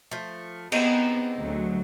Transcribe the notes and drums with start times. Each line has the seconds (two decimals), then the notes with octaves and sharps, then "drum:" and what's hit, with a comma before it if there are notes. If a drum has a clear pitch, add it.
0.11 F3 A3
0.72 B3 C4 D#4 G#4, drum: cymbal
1.38 D2 F#3